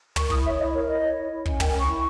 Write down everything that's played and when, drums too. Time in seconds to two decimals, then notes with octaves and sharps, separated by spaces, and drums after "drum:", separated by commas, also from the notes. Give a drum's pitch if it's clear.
0.16 A#4 C#6, drum: tom
0.30 E4 D#6, drum: kick
0.44 C#5 E5
0.59 E4 D#5
0.73 A#4 C#5
0.87 E4 D#5
1.02 C#5
1.17 E4
1.32 E4
1.46 C#4, drum: kick
1.60 A#4 G5, drum: tom
1.70 G#5
1.74 C#4
1.79 C#6
1.88 E4